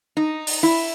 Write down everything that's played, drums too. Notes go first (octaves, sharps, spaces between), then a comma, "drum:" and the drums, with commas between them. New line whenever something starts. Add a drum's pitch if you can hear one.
D#4
drum: open hi-hat
E4